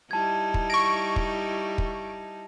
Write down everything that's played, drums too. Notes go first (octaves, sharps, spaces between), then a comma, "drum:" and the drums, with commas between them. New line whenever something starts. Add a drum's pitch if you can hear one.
G3 D#4 E4 A5 G#6
drum: kick
C#6 A#6 D7
drum: kick
drum: kick